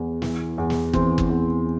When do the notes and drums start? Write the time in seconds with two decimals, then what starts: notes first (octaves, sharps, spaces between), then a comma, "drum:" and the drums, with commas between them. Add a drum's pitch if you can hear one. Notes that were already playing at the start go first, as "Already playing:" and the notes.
Already playing: E2
0.22 E3, drum: snare
0.58 E2
0.70 drum: snare
0.93 E3 C4, drum: kick
1.18 drum: kick
1.30 E2